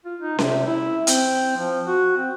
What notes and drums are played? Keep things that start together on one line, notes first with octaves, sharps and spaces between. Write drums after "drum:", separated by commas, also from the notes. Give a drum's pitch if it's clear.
F4
D#4
C3, drum: snare C#4
E4
C4, drum: hi-hat
F3
F#4
C4